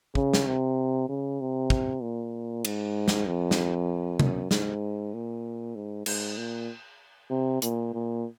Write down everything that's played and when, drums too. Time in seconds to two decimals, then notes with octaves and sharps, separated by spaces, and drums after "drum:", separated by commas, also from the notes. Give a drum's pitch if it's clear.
0.15 C#3, drum: kick
0.33 drum: snare
0.47 C3
1.09 C#3
1.41 C3
1.70 drum: kick
2.02 A#2
2.65 G#2, drum: cymbal
3.08 drum: snare
3.27 F2
3.51 drum: snare
4.20 F#2, drum: tom C3
4.51 G#2, drum: snare
5.14 A#2
5.75 G#2
6.06 G#2, drum: cymbal
6.37 A#2
7.30 C3
7.62 A#2, drum: hi-hat
7.93 A#2